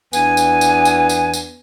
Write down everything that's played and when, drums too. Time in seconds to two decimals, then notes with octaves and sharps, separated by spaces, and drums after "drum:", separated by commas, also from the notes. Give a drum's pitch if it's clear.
0.13 E2 B3 D4 G#5, drum: tambourine
0.37 drum: tambourine
0.61 drum: tambourine
0.85 drum: tambourine
1.09 drum: tambourine
1.34 drum: tambourine